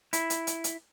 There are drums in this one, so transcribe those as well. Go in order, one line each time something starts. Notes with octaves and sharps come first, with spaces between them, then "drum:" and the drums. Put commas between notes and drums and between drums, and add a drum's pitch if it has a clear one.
E4, drum: hi-hat
drum: hi-hat
drum: hi-hat
drum: hi-hat